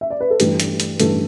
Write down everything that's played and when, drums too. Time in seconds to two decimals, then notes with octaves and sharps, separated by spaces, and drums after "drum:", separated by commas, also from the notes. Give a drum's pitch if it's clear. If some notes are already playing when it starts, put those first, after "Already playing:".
0.01 E5
0.10 D5
0.21 B4
0.30 A4
0.40 G2 E3 A3 G4, drum: hi-hat
0.60 drum: hi-hat
0.80 drum: hi-hat
1.00 G2 E3 A3 A4, drum: hi-hat